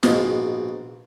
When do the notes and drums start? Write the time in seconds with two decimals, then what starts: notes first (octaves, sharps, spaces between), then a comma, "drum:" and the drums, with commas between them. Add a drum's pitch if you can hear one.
0.03 A#1 G#2 B2, drum: snare